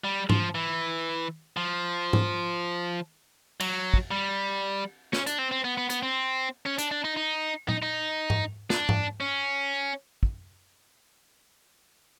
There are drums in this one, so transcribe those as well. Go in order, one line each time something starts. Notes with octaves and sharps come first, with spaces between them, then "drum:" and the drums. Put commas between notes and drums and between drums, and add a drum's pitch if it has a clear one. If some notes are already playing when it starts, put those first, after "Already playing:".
G3
F3, drum: tom G#2
E3
F3
drum: tom G#2
F#3, drum: cymbal
drum: kick
G3
C#4, drum: snare
D4, drum: hi-hat
C4
C4
B3
B3
B3, drum: hi-hat
C4
C#4
D4, drum: hi-hat
D4
D#4
D#4
D#4, drum: tom A#2
D#4
drum: tom G#2
D4, drum: snare
drum: tom G#2
C#4
drum: kick